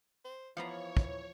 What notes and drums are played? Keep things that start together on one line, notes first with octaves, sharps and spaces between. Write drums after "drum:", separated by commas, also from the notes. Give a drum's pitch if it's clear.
C5
E3 F3 B3 C#5 F5 A#5 B5
drum: kick